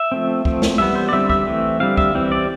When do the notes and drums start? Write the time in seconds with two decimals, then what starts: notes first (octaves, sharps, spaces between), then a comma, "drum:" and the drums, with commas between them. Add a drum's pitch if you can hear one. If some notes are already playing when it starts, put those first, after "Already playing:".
Already playing: E5
0.12 F3 A3 C4
0.45 F3 A3 C4, drum: kick
0.62 drum: snare
0.78 E3 G3 B3 E5
0.95 C5
1.09 D5
1.12 D3 G3 C4 E5
1.30 E5, drum: kick
1.46 E3 A3 C4
1.80 D3 G3 C4 F5
1.97 E5, drum: kick
2.15 E3 G3 C4
2.32 D5